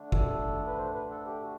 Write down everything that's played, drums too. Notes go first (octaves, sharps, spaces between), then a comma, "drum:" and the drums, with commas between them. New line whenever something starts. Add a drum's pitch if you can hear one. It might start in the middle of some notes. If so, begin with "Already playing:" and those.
Already playing: D3 A3 D4
A4, drum: kick
B4
C5
B4
A4
G4
F#4